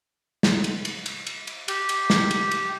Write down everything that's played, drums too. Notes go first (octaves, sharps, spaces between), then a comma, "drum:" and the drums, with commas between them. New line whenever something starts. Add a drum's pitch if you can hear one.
drum: snare
drum: cymbal
drum: cymbal
drum: cymbal
drum: cymbal
drum: cymbal
G4, drum: cymbal
drum: cymbal
drum: snare
drum: cymbal
drum: cymbal